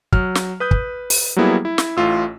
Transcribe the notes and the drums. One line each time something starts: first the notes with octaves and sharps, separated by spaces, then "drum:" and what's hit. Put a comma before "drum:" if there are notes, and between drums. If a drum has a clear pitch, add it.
F#3 F6, drum: kick
drum: snare
B4 D#6 G6
drum: kick
drum: open hi-hat
F#3 G3 A#3 B3 E4 G#4
E4
drum: snare
A1 A2 F4 E6